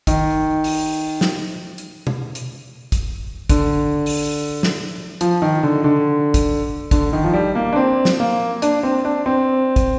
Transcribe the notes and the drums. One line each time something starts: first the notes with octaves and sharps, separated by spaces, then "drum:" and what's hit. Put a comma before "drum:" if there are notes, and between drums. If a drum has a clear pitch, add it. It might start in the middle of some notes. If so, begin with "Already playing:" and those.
D#3, drum: kick, hi-hat
drum: open hi-hat
drum: snare
drum: hi-hat
drum: tom B2
drum: hi-hat
drum: kick, hi-hat
D3, drum: kick, hi-hat
drum: open hi-hat
drum: snare
F3, drum: hi-hat
D#3
D3
D3
drum: kick, hi-hat
D3, drum: kick, hi-hat
D#3
F3
G3
A#3
D4
C4
drum: snare
A#3
D4, drum: hi-hat
C4
D4
C4
drum: kick, hi-hat